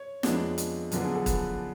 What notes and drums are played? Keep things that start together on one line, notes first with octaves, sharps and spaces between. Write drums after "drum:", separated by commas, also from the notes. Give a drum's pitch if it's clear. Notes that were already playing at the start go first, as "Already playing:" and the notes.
Already playing: C#5
F2 F3 G#3 B3 D4, drum: snare
drum: hi-hat
F#2 D3 F3 B3 D4, drum: hi-hat
G#4
A4
B4, drum: kick, hi-hat